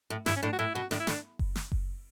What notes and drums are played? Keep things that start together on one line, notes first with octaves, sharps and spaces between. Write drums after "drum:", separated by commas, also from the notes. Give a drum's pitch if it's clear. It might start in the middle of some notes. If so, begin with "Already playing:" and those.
A2
G2 E4, drum: snare
C#4
A2 D4
F#4
A2 E4
B2 F#4
A2 D4, drum: snare
E4
A2 D4, drum: snare
drum: kick F#1
drum: snare
drum: kick F#1